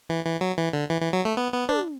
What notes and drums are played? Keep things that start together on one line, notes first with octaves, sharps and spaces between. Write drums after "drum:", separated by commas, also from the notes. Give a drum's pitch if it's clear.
E3
E3
F#3
E3
D3
E3
E3
F#3
A3
B3
B3
D4, drum: tom